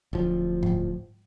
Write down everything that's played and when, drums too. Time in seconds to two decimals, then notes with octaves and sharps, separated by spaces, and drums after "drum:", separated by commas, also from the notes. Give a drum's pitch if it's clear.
0.13 D1 F3
0.63 drum: tom G#2